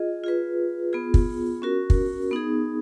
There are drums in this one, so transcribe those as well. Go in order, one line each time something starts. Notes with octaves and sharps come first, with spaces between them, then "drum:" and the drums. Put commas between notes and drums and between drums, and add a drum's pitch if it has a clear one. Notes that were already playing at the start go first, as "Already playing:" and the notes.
Already playing: F4 G#4 D#5
F4 G#4 B4
B3 F4 G#4
drum: kick
C#4 F#4 A#4
drum: kick
B3 D#4 G#4